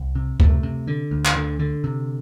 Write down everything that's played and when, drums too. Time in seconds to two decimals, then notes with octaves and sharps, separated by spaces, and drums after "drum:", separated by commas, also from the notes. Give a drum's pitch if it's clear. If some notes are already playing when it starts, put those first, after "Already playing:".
Already playing: C2
0.15 C3
0.40 C3 A3, drum: kick D2
0.63 C3
0.87 D3
1.11 D2
1.25 drum: clap
1.36 D3
1.59 D3
1.84 C3